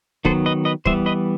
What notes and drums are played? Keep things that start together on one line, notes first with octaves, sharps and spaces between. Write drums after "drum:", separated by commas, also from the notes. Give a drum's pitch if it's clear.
D#3 F#3 B3 A4 C5, drum: kick
B4 D#5
B4 D#5
E3 G3 B3 C5 E5, drum: kick
B4 D#5